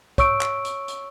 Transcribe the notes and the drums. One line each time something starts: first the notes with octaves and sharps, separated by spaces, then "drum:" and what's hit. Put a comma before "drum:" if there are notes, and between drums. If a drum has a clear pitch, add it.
C#5 C#6 E6 D7, drum: kick, hi-hat
drum: clap
drum: hi-hat
drum: hi-hat